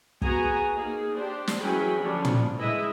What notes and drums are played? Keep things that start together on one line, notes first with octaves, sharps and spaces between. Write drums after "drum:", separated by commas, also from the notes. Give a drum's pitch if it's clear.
B3 F#4 G#4 G#5 A#5, drum: kick
A#3 D#4 G#4
D4 G4 C5
drum: snare
E3 F#3 C#4 G#4 G5 B5
D3 F3 G3 C#4 D4
drum: tom
G#3 E4 B4 D#5 E5